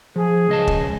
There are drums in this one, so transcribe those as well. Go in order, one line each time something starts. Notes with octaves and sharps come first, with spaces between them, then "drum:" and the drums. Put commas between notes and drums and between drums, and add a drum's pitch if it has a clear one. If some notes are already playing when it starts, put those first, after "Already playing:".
F3 G#4
C#2 D#5 A5
drum: kick